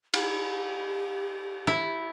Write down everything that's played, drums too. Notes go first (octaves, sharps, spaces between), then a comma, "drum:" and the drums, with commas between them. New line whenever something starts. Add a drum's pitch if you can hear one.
G4, drum: cymbal
E4